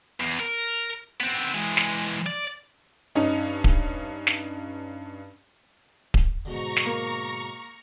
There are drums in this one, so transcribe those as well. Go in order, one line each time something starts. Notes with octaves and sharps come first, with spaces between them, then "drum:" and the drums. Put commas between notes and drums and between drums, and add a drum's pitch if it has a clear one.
E2
A#4
B3 C4
E3 G#3
drum: snare
D5
G2 C#4 D#4
drum: kick D1
drum: snare
drum: kick D1
G#2 B2 D3 A#5 C#6
drum: snare
A#3